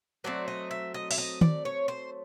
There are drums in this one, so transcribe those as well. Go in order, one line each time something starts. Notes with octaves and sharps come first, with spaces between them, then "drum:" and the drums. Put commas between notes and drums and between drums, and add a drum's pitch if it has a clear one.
F#3 A3 C4 D5
D#5
E5
D#5
E5, drum: open hi-hat
D#5
D5, drum: tom D#3
C#5
C5